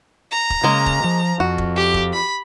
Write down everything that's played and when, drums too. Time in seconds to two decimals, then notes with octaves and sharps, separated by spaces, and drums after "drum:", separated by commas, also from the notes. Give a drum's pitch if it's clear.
0.31 A#5
0.50 drum: kick E1
0.64 C#3 G#3 A#3
0.86 drum: kick E1
1.04 F3
1.40 F2 F#4
1.58 drum: kick E1
1.76 G4
1.94 drum: kick E1
2.13 B5